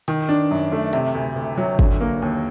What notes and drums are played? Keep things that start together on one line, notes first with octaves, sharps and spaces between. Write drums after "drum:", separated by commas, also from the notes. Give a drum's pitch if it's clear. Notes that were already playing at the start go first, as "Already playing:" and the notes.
D#3, drum: hi-hat
D4
F#2
A3
C3, drum: hi-hat
D2
D2
F#3
D3, drum: kick G1, hi-hat
A#3
D#2